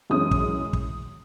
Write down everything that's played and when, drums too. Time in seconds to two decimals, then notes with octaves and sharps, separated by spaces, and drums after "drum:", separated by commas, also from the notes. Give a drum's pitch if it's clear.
0.10 F#2 E3 G#3 C#4 D#6
0.31 drum: kick
0.73 drum: kick